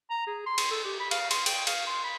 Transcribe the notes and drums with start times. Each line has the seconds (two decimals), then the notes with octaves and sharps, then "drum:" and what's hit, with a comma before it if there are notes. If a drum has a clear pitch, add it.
0.11 A#5
0.27 G#4
0.46 C6
0.58 drum: cymbal
0.71 A4
0.85 G4
1.00 B5
1.11 F5, drum: cymbal
1.31 C6, drum: cymbal
1.46 G5, drum: cymbal
1.67 F5, drum: cymbal
1.87 C6
2.04 B5